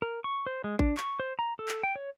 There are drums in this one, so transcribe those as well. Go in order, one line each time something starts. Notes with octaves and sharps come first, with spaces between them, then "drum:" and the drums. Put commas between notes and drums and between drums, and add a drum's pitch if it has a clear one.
A#4
C#6
C5
G#3
D4, drum: kick A1
C#6, drum: clap
C5
A#5
A4
drum: clap
G5
C#5